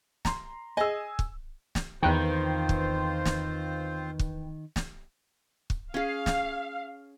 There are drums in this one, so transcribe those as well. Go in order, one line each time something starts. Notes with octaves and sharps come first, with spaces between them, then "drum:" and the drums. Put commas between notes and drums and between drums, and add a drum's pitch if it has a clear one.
A#5 C6, drum: snare
G#4 D#5 G#5 E6
drum: kick
drum: snare
E2 D#3 C4 F4 B4 C5 G5
drum: kick
drum: snare
drum: kick
drum: snare
drum: kick
C#4 G#4 F5
drum: snare